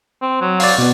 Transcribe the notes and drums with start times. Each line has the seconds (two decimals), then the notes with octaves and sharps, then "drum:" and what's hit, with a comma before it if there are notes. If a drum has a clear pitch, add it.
0.22 C4
0.41 F#3
0.60 D5 F5, drum: open hi-hat
0.78 B2 B3